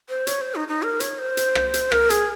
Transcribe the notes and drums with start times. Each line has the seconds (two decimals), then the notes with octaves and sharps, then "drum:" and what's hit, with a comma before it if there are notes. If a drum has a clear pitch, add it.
0.09 C5
0.27 C#5, drum: hi-hat
0.41 C5
0.55 D#4
0.68 D#4
0.83 A#4
1.00 C#5, drum: hi-hat
1.18 C5
1.37 drum: hi-hat
1.55 drum: rim click
1.74 drum: hi-hat
1.92 A#4, drum: rim click
2.10 G#4, drum: hi-hat